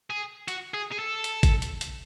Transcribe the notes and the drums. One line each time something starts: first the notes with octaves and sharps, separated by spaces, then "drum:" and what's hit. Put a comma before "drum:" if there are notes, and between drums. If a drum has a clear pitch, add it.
G#4
F#4, drum: hi-hat
G#4
G#4
A4
drum: hi-hat
drum: kick G#1, hi-hat
drum: hi-hat
drum: hi-hat